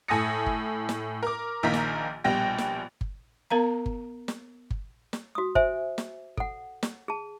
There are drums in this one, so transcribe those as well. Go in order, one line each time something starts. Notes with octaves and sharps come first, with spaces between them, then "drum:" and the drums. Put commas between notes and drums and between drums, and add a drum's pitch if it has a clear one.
A2 G#5 A5 D#6 A#6 C#7
drum: kick G1
drum: snare
A#4 D6
A#1 D#3 A#3 A#5 B6
drum: snare
A#1 B2 G3 G5 A#6
drum: snare
drum: kick G1
B3 A#4 F5 A#5
drum: kick G1
drum: snare
drum: kick G1
drum: snare
F#4 D#6
C5 E5 G#5, drum: kick G1
drum: snare
A4 F#5, drum: kick G1
drum: snare
G#4 A5